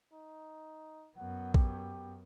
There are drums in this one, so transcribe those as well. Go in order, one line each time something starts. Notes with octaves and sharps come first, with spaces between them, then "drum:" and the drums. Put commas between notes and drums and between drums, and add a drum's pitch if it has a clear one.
D#4
F#2 B3 F#5
G4, drum: kick A#1